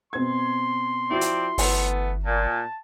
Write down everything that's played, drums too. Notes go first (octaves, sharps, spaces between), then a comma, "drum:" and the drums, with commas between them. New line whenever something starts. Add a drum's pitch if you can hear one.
B2 C4 C6 G#6
F3 C4 E4 F#4 D5
drum: hi-hat
G1 E3 A3 B3, drum: open hi-hat
A#2 A5